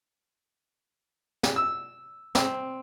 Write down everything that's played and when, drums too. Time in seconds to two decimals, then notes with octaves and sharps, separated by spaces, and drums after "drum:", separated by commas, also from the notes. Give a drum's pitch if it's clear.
1.43 drum: snare
1.56 E6
2.35 C4, drum: snare